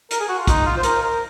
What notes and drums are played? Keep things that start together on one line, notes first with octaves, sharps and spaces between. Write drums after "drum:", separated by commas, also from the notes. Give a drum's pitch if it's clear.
A#4, drum: hi-hat
G#4
F#4
F4
D#4, drum: kick, hi-hat
F4
C5
A#4, drum: hi-hat
A#4